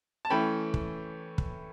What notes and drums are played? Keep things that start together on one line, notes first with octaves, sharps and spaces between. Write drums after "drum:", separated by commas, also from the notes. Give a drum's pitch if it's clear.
A5
E3 A3 C#4 G5 B5
drum: kick
drum: kick